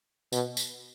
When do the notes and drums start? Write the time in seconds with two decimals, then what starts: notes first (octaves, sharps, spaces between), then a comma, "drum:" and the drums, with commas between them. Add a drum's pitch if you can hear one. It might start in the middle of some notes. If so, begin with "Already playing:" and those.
0.33 B2, drum: tambourine
0.57 drum: tambourine